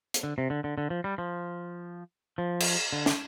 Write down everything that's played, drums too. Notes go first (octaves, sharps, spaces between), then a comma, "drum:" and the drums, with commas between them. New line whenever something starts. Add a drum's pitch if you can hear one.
drum: hi-hat
D3
C3
D3
D3
D3
F3
G3
F3
F3
drum: cymbal
D3
drum: snare